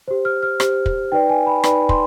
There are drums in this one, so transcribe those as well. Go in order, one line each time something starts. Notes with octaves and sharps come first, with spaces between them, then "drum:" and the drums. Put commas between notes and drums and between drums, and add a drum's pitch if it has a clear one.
G4 C5
F6
F6
G4 C5, drum: rim click
drum: kick
D#4 B4 D5 G5
G#5
B5
D#4 B4 D5 B5, drum: rim click
C6, drum: kick